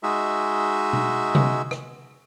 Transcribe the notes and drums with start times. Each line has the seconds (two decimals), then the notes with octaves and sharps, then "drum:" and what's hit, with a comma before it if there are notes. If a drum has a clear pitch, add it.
0.03 G#3 D#4 F#4 E5
0.93 drum: tom B2
1.35 drum: tom C3
1.71 drum: rim click